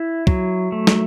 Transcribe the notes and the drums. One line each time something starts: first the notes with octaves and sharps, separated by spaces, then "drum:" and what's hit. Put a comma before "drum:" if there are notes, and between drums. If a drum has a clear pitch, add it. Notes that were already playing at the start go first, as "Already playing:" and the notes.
Already playing: E4
F#3, drum: kick
A3
drum: snare